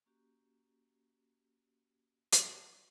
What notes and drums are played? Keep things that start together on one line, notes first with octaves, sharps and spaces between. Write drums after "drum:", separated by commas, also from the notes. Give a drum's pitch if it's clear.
A#3 C#4 F#4 G4
drum: hi-hat